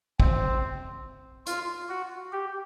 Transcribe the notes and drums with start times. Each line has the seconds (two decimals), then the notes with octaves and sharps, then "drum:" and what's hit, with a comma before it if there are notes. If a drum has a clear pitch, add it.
0.20 C4, drum: kick
1.46 F4, drum: hi-hat
1.89 F#4
2.32 G4